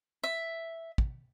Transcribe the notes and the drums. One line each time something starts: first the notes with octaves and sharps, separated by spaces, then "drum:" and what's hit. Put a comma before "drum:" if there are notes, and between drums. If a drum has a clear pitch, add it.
E5
drum: kick